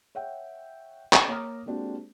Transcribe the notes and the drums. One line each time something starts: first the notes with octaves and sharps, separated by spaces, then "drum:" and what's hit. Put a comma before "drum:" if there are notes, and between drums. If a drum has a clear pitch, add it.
C#5 E5 F#5 G5
A4, drum: clap
A#3 C#5 A#5 D6 D#6 F6
G#3 A#3 C4 D4 F#4 G4